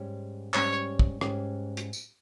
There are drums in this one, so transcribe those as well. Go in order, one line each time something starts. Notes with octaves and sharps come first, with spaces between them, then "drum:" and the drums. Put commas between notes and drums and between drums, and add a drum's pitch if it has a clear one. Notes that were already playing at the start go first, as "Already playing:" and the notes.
Already playing: G#2 G3 C#4 G4
G#2 G3 C#4 G4 C#5, drum: clap
drum: kick
G#2 G3 C#4 G4, drum: rim click
drum: hi-hat
drum: tambourine